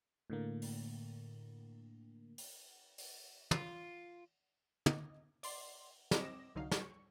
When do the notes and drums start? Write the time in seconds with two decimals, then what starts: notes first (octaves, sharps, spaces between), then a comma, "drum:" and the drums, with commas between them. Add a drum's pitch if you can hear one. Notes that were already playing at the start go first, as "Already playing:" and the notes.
0.30 A2 D3 A#3
0.62 drum: open hi-hat
2.38 drum: open hi-hat
2.98 drum: open hi-hat
3.51 F4, drum: tom
4.86 D#5, drum: tom
5.43 D5 C6, drum: open hi-hat
6.11 C4 D#5 D6 A#6 E7, drum: snare
6.55 C2 D3 F#3 D#4 F5
6.71 C#6, drum: snare